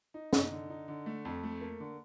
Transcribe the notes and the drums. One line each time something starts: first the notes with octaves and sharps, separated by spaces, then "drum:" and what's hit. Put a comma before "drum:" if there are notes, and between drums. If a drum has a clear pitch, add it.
D#4
D#4, drum: snare C#4
D3
D#4
D3
A3
F2
A3
A#3
D3